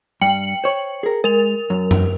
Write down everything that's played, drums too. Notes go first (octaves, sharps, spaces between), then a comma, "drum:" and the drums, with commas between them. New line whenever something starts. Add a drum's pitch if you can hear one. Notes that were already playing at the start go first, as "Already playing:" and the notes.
G2 G5 C#7 F#7
C5 C#5
G#4 A#4
G#3 A#4 F7
F#2
drum: tom F#2